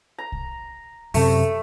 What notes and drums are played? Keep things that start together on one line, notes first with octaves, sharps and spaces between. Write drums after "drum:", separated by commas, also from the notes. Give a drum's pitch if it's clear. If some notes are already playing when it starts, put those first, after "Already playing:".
A#5
drum: kick
F#2 C3 A3, drum: open hi-hat